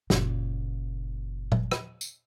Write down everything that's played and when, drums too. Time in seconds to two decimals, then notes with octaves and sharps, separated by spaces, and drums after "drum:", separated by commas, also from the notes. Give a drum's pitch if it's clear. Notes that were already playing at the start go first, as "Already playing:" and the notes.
0.10 F#1 A#2, drum: snare
1.52 drum: tom A#2
1.71 drum: rim click
2.01 drum: tambourine